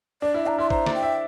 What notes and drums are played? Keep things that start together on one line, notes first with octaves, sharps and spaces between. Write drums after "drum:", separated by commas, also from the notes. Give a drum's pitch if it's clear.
D4 D5
E4
D4 A#5
E4 C6
C5 A#5, drum: kick
D5, drum: snare
G5
E5